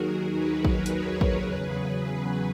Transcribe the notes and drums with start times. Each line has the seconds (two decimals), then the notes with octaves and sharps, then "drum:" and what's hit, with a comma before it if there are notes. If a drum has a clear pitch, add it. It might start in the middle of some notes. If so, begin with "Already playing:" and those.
Already playing: D#2 D#3 F#3 F#4 G#4 A#4
0.33 G#4 B4
0.65 drum: kick
0.86 A#4 C#5, drum: hi-hat
1.21 drum: kick
1.39 E2 C#3 F#3 G#4 B4